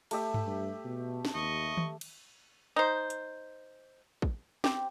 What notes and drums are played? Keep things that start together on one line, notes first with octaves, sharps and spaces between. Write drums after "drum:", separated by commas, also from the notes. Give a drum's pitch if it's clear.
A3 G4 E5, drum: cymbal
drum: tom G2
G2
B2
drum: snare
D#2 D#5 C#6
drum: tom D#3
drum: cymbal
D#4 C5
drum: hi-hat
drum: kick
C4 G4, drum: snare